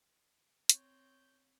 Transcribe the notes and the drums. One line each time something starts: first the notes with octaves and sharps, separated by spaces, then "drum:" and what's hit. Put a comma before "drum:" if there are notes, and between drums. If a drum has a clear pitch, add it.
C4 C#5 G6, drum: hi-hat